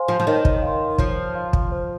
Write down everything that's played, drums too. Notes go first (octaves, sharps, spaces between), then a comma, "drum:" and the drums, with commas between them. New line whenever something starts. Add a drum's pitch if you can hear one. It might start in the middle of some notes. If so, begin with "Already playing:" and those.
Already playing: C5 F5 G#5 C6
F3
F3
D#3 C#5
drum: kick
F5 C6
F3 C#5, drum: kick
F5 C6
drum: kick
C5